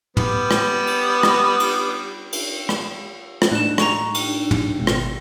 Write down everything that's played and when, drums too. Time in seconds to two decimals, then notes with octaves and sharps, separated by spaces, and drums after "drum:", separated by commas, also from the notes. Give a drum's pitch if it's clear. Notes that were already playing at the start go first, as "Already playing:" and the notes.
0.17 G3 B3, drum: tom
0.51 drum: rim click
0.87 drum: cymbal
1.23 drum: rim click
1.60 drum: cymbal
2.33 drum: cymbal
2.69 drum: rim click
3.42 drum: rim click
3.51 A2 D4 D#4 F#6 E7
3.78 A#5 C#6, drum: rim click
4.15 drum: cymbal
4.51 drum: tom
4.78 G#1 G#2 B2
4.87 drum: rim click